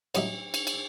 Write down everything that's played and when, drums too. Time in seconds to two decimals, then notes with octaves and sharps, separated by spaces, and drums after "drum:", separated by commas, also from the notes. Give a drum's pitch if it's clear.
0.15 A1 F#3 D#4 G4 E5, drum: cymbal
0.54 drum: cymbal
0.67 drum: cymbal